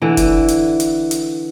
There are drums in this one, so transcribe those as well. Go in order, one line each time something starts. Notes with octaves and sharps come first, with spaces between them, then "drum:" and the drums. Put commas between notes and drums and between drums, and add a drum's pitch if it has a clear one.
D3 E3
drum: kick, hi-hat
drum: hi-hat
drum: hi-hat
drum: hi-hat